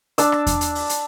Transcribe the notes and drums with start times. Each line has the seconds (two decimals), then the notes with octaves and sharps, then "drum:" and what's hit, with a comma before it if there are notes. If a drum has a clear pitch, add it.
0.18 D4 A5 E6, drum: hi-hat
0.32 drum: rim click
0.47 drum: kick E2, hi-hat
0.61 drum: hi-hat
0.75 drum: open hi-hat
0.89 drum: hi-hat